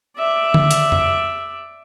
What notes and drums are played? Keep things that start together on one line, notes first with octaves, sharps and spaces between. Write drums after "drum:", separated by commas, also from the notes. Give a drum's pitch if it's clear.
D5 E5
drum: tom D3
drum: hi-hat
drum: tom F2